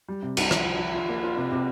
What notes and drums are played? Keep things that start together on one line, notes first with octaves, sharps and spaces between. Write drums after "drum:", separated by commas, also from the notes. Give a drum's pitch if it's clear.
G3
C3
C2, drum: cymbal
F3, drum: rim click
F3
F3
F4
A#3
F4
C3
C3